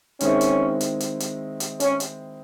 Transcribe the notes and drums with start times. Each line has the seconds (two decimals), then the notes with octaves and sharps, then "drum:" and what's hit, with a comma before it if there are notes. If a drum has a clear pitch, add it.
0.20 D#3 G#3 C4 C#4 E4, drum: hi-hat
0.41 drum: hi-hat
0.81 drum: hi-hat
1.00 drum: hi-hat
1.20 drum: hi-hat
1.60 drum: hi-hat
1.80 C#4, drum: hi-hat
2.00 drum: hi-hat